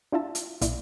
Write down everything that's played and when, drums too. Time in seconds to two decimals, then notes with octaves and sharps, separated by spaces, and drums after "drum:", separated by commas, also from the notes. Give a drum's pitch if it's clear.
0.12 D4 E4 F4 E5 A5
0.35 drum: hi-hat
0.61 B1 A#2 E4 D5, drum: hi-hat